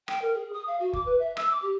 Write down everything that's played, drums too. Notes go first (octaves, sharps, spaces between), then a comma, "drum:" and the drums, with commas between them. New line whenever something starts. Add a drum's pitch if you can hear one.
G5, drum: rim click
A#4
G#4
D#6
F5
F#4
D6, drum: kick F#1
B4
E5
E6, drum: rim click
D6
G4